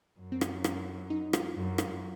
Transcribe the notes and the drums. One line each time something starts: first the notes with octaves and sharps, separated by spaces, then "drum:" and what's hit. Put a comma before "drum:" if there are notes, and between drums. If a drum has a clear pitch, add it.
F#2
C4
C#4, drum: rim click
drum: rim click
D#4
F4, drum: rim click
F#2
drum: rim click